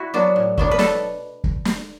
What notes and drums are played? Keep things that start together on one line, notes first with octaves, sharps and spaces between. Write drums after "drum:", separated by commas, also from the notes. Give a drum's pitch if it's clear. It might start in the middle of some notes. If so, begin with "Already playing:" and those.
Already playing: E4 F#4
F#3 B3 D4
A2
F#3 B3 D4, drum: kick
B4
B2 A4, drum: snare
drum: kick
drum: snare